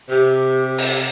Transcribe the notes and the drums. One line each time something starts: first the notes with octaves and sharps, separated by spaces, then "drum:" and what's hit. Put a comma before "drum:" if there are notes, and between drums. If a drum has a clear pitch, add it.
C3 G4
drum: open hi-hat